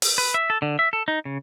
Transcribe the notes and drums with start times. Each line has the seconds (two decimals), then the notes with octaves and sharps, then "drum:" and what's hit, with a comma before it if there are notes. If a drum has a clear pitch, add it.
0.02 drum: open hi-hat
0.18 B4
0.34 E5
0.50 A4
0.62 D3
0.79 E5
0.93 A4
1.08 D#4
1.25 C#3